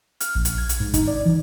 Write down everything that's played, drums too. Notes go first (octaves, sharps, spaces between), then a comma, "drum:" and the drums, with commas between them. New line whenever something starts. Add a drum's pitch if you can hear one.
F6, drum: hi-hat
A#1
drum: hi-hat
G#6
drum: hi-hat
G#2
D#4, drum: kick, hi-hat
D5
E3